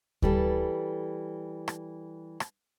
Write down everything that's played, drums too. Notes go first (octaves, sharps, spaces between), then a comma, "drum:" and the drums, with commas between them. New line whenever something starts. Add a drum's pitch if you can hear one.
E3 G3 A4, drum: kick D2
drum: rim click
drum: rim click